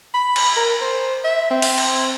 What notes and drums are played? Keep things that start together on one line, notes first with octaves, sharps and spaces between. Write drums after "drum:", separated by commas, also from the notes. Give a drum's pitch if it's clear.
B5
drum: cymbal
A#4
C5
E5
C4
drum: open hi-hat
drum: cymbal